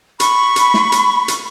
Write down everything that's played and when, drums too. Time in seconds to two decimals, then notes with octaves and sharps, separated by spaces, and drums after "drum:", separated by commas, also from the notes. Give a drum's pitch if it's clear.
0.20 B5 C#6, drum: hi-hat
0.56 drum: hi-hat
0.74 drum: snare
0.92 drum: hi-hat
1.28 drum: hi-hat